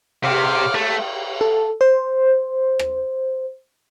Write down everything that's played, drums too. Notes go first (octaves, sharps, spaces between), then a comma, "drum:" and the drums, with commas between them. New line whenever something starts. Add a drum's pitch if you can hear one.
C3 D6 F6, drum: cymbal
A3
A4
C5
drum: rim click